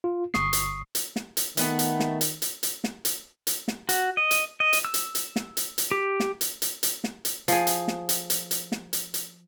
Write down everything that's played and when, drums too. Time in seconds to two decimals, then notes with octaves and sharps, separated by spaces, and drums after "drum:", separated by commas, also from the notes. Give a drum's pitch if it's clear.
0.04 F4
0.34 G1 C#6 D#6 C7, drum: snare
0.53 drum: hi-hat
0.95 drum: hi-hat
1.16 drum: snare
1.37 drum: hi-hat
1.57 D#3 A3 B3 F#5, drum: hi-hat
1.79 drum: hi-hat
2.00 drum: snare
2.21 drum: hi-hat
2.42 drum: hi-hat
2.63 drum: hi-hat
2.84 drum: snare
3.05 drum: hi-hat
3.47 drum: hi-hat
3.68 drum: snare
3.89 F#4, drum: hi-hat
4.17 D#5
4.31 drum: hi-hat
4.60 D#5
4.73 drum: hi-hat
4.85 E6
4.94 drum: hi-hat
5.15 drum: hi-hat
5.36 drum: snare
5.57 drum: hi-hat
5.78 drum: hi-hat
5.91 G4
6.20 drum: snare
6.41 drum: hi-hat
6.62 drum: hi-hat
6.83 drum: hi-hat
7.04 drum: snare
7.25 drum: hi-hat
7.48 F3 G#4, drum: hi-hat
7.67 drum: hi-hat
7.88 drum: snare
8.09 drum: hi-hat
8.30 drum: hi-hat
8.51 drum: hi-hat
8.72 drum: snare
8.93 drum: hi-hat
9.14 drum: hi-hat